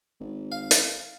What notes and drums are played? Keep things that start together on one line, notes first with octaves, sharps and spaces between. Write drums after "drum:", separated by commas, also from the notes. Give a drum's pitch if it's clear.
G#1
F5
drum: hi-hat